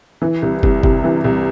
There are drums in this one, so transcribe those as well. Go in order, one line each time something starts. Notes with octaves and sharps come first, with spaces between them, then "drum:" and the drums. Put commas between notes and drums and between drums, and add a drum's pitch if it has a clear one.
E3
C2
C2, drum: kick
C3, drum: kick
E3
C2